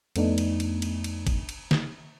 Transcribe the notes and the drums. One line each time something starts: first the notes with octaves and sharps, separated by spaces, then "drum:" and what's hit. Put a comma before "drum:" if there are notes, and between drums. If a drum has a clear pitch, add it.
F2 A3 B3 D4 D#4, drum: cymbal
drum: cymbal
drum: cymbal
drum: cymbal
drum: cymbal
drum: kick G#1, cymbal
drum: cymbal
drum: snare